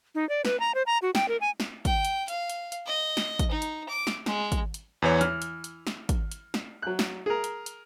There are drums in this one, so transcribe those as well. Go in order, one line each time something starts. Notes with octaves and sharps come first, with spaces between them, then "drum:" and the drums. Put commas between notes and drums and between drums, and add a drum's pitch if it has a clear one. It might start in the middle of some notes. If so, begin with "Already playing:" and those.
D#4
D5
B4, drum: snare
A#5
C5
A#5
F#4
G5, drum: snare
A#4
G#5
drum: snare
G5, drum: kick, hi-hat
drum: hi-hat
F5, drum: hi-hat
drum: hi-hat
drum: hi-hat
D#5
drum: snare
drum: kick, hi-hat
D#4
drum: hi-hat
D6
drum: snare
G#3, drum: snare
drum: kick, hi-hat
drum: hi-hat
E2 E3 C#5
E3 F6, drum: hi-hat
drum: hi-hat
drum: hi-hat
drum: snare
drum: kick, hi-hat
drum: hi-hat
drum: snare
F#3 F#6
drum: snare
G#4 A#4
drum: hi-hat
drum: hi-hat